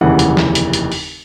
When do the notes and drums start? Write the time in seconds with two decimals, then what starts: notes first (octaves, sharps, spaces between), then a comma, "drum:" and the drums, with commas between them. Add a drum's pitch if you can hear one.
0.01 F1 D#2 C#3 E3 F#5
0.19 drum: hi-hat
0.37 drum: snare
0.55 drum: hi-hat
0.73 drum: hi-hat
0.92 drum: open hi-hat